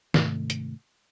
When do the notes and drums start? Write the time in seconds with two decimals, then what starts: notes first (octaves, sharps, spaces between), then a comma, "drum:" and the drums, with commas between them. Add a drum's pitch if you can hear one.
0.14 G#2 C3 D#3 A3, drum: snare
0.50 drum: hi-hat